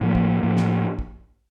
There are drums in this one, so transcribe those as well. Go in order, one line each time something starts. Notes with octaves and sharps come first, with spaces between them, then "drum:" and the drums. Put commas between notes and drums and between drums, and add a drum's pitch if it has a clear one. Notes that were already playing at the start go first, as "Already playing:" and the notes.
A2 F3 A#3
drum: kick
A2 F3 A#3
drum: snare
drum: kick